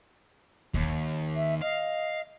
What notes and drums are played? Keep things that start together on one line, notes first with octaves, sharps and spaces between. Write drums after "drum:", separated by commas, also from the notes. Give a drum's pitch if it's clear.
D#2, drum: kick D#2
E5
D#5 F5